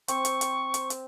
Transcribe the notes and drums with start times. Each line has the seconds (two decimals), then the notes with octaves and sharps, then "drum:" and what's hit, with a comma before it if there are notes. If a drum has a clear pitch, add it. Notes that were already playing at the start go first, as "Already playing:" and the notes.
0.08 C4 C#6, drum: hi-hat
0.25 drum: hi-hat
0.41 drum: hi-hat
0.74 drum: hi-hat
0.90 drum: hi-hat